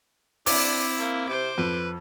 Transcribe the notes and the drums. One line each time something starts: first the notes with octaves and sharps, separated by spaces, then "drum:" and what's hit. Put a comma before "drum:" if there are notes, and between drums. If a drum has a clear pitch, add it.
C4 D4 E4 D6, drum: open hi-hat
A#3
C3 C5 D6
F2 B4